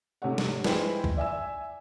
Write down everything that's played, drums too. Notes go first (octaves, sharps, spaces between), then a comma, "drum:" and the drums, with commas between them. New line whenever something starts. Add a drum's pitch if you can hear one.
G#2 C3 A3 C#5 F#5
drum: snare
G#3 E4 B4 C5 G5, drum: snare
drum: kick C2
D5 E5 G#5 E6